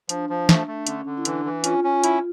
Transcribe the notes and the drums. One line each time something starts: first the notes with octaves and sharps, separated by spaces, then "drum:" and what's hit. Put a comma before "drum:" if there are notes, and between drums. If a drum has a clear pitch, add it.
F3 D4, drum: hi-hat
F3
A3, drum: snare
A3
D3 C#4, drum: hi-hat
D3
E4
E3 D4, drum: hi-hat
E3
C#4 F4, drum: hi-hat
C#4
E4, drum: hi-hat